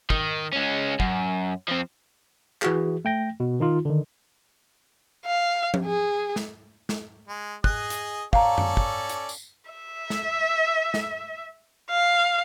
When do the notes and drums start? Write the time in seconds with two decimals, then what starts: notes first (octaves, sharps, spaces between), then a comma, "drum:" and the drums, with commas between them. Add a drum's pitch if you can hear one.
0.10 D#3, drum: kick
0.53 G#3 C#4
1.00 F#2, drum: kick
1.68 F3 C4
2.62 E3 F#4 G#4, drum: clap
3.05 A3 G5 A#6
3.40 B2
3.60 D#3 D#4 F4
3.85 D3 D#3
5.26 F5
5.74 drum: tom F3
5.85 G#4
6.36 drum: snare
6.89 drum: snare
7.28 G#3
7.64 G#4 D#5 F#6, drum: kick
7.90 drum: hi-hat
8.33 C#4 A4 D5 F5 A#5, drum: kick
8.58 drum: tom F#2
8.77 drum: kick
9.10 drum: hi-hat
9.29 drum: tambourine
9.71 E5
10.10 drum: snare
10.94 drum: snare
11.91 F5